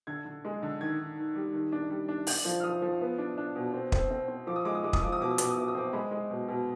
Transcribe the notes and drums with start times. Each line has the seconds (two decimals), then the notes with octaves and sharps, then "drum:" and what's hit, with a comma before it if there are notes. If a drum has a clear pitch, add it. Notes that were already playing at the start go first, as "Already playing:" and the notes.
0.07 D3 G#6
0.25 D3
0.45 G#3
0.62 D3
0.81 D#3 G#6
0.99 D#3
1.18 D#3
1.35 G3
1.54 D#3
1.72 D4
1.90 G3
2.08 D4
2.27 D4 G6, drum: open hi-hat
2.45 F3
2.60 F6
2.63 F3 D#6
2.82 F3
3.01 B3
3.18 D4
3.37 D4
3.55 B2
3.73 C4
3.92 C4, drum: kick
4.10 C4
4.28 C4
4.47 F3 D6
4.56 D#6
4.65 G#3 D6
4.75 D#6
4.83 G#3 D6
4.93 D#6, drum: kick
5.01 F3 D6
5.12 D#6
5.20 B2 D6
5.31 D#6
5.38 B2 D6, drum: hi-hat
5.50 D#6
5.57 B2 D6
5.68 D#6
5.75 C4 D6
5.93 G#3 B5
6.11 G#3
6.30 B2
6.48 B2